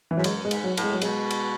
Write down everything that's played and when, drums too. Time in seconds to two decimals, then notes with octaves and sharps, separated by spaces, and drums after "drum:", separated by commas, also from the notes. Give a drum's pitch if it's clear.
0.11 E3
0.17 G#2 F#3
0.24 F#2 G#3, drum: cymbal
0.45 G#3
0.51 G#2, drum: cymbal
0.64 F#3
0.77 A2, drum: cymbal
0.84 G#3
0.92 F#3
1.02 B2 G#3, drum: cymbal
1.31 drum: cymbal